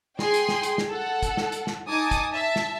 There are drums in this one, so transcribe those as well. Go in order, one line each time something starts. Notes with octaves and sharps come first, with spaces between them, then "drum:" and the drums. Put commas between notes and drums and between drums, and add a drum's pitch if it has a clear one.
G#4 G5 G#5 C6, drum: snare
drum: hi-hat
drum: snare
drum: hi-hat
drum: snare
A4 F#5
drum: kick, hi-hat
drum: snare
drum: hi-hat
drum: snare
D#4 G#5 A5 D6 D#6
drum: kick, hi-hat
E5 A5
drum: snare